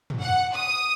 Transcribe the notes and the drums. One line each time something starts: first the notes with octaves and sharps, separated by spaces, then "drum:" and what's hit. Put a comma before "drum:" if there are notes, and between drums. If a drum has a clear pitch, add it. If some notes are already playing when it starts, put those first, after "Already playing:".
drum: tom
F#5
D#6